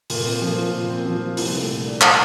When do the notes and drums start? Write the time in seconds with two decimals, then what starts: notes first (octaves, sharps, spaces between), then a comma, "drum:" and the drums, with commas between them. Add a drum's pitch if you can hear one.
0.10 A#2, drum: open hi-hat
0.26 C4
0.41 F3
0.58 F4
0.73 A#2
0.90 C4
1.06 F3
1.22 F4
1.37 C2, drum: open hi-hat
1.53 A3
1.69 A#2
1.85 D4
2.01 drum: clap